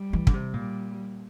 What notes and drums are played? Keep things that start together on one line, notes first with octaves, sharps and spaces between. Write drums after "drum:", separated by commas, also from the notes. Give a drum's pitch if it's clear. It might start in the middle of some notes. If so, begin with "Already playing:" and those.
Already playing: G3
E3
D3, drum: kick
C3
A#2 G3